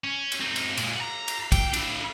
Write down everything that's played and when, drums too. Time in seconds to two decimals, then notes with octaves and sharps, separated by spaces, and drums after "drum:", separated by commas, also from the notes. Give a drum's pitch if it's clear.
0.04 C#4
0.32 drum: cymbal
0.41 C4 D#4
0.56 drum: cymbal
0.77 A#2 G#3, drum: cymbal
0.97 F#5 A#5
1.28 drum: cymbal
1.52 G5, drum: kick, cymbal
1.73 D4 E4, drum: cymbal